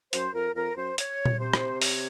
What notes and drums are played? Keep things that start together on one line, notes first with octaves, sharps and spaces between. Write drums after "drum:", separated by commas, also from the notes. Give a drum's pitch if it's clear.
F#2 C5, drum: hi-hat
F2 A#4
F2 A#4
F#2 C5
C#5, drum: hi-hat
drum: tom A#2
C3 C5
drum: rim click
C#5, drum: open hi-hat